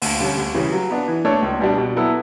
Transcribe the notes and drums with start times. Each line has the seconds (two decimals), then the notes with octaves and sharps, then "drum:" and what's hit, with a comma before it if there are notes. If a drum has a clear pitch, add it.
0.02 D2, drum: open hi-hat
0.19 D3 G3 C#4
0.37 D2
0.54 C#3 E3 G3
0.72 F#3
0.90 B3 D4
1.08 E3
1.25 A3 D4 A4 C#5
1.42 C#2
1.60 B2 G3 D4
1.77 B2
1.95 F#3 B3 E4 A4